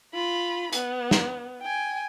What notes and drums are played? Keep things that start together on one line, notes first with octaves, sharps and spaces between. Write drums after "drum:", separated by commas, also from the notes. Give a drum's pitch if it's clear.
F4 B5
B3, drum: hi-hat
drum: snare
G5 G#5